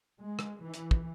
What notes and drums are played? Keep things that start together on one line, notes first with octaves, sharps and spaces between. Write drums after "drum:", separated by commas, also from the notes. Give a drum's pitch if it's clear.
G#3
drum: rim click
E3
drum: hi-hat
drum: kick